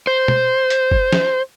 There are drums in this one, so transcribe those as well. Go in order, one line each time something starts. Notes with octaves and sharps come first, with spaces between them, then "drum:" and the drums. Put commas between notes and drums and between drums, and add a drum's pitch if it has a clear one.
C5
drum: tom B2
drum: hi-hat
drum: kick G1
drum: snare